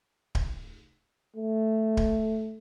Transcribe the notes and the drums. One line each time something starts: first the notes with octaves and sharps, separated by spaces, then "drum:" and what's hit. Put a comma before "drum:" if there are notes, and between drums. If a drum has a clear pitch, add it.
drum: kick D1
A3
drum: kick D1